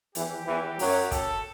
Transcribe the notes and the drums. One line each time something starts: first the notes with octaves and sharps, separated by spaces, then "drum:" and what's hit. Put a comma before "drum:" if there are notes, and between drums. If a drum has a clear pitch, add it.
E2 E3 G4, drum: hi-hat
E2 E3
F#2 F#3, drum: open hi-hat
A4, drum: kick, hi-hat